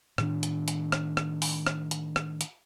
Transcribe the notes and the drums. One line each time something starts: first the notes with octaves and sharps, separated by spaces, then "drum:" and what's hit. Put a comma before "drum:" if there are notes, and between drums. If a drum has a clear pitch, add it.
A2 D#3 D4, drum: rim click
drum: hi-hat
drum: hi-hat
drum: rim click
drum: rim click
drum: open hi-hat
drum: rim click
drum: hi-hat
drum: rim click
drum: hi-hat